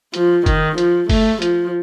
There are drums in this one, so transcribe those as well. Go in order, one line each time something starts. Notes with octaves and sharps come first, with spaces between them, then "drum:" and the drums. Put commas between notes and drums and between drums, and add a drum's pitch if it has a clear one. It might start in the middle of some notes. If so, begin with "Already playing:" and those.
F3, drum: hi-hat
D#3, drum: kick F#1, hi-hat
F3, drum: hi-hat
A3, drum: kick F#1, open hi-hat
F3, drum: hi-hat